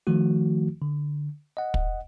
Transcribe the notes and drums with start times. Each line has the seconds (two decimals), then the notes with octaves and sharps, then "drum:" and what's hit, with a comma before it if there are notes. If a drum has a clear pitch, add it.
0.07 D#3 F3 A3 F#4
0.82 D3
1.57 D#5 F#5
1.74 drum: kick